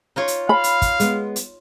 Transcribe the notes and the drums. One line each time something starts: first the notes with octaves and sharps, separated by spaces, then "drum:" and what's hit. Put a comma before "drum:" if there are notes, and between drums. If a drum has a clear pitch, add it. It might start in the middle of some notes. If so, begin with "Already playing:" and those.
D#4 F4 C#5
drum: hi-hat
F5 B5
drum: hi-hat
drum: kick, hi-hat
G#3 B3, drum: hi-hat
drum: hi-hat